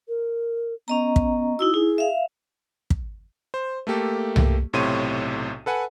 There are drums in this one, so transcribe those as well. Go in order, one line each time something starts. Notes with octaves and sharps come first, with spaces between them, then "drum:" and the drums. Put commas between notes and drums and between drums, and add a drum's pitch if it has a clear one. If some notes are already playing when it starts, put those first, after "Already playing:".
A#4
B3 C#4 D#5 A#5
drum: kick
D#4 E4 F#4 E6
E4 G#4
E5 F5
drum: kick
C5
A3 A#3 G4 A4
drum: tom C2
B1 A2 C3 C#5 C6 D#7
A4 B4 F#5 G#5